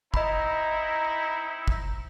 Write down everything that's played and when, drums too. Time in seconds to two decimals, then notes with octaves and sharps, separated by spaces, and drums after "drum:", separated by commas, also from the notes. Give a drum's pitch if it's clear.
0.14 C4 D#4 E4 D#5 A#5 B5, drum: kick
1.68 drum: kick